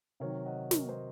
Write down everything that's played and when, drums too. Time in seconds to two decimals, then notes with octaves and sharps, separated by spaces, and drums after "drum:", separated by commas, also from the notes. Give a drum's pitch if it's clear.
0.20 C3 D#3 F#3 A#4 C#5
0.46 D#5 F#5
0.71 F#4 A#4, drum: snare
0.89 C5 D#5